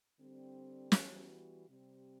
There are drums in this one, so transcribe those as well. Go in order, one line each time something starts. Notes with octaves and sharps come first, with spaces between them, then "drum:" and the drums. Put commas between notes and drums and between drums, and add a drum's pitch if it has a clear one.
D3 G3 C4
E3 G3 B3 F#4, drum: snare
C3 G3 C4